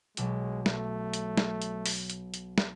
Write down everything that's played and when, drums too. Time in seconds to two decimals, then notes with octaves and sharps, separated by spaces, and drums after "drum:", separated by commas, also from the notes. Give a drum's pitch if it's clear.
0.17 B1 B2 F#3 G#3, drum: hi-hat
0.66 A3, drum: snare
1.13 drum: hi-hat
1.38 drum: snare
1.62 drum: hi-hat
1.86 drum: open hi-hat
2.10 drum: hi-hat
2.34 drum: hi-hat
2.58 drum: snare